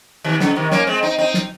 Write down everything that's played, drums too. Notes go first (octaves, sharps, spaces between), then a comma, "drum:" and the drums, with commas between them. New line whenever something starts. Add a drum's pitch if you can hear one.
C3 D#3
C#3, drum: snare
C3 D#3
A#3 C#4, drum: snare
G#3 C4
C4 D#4
C4 D#4
drum: snare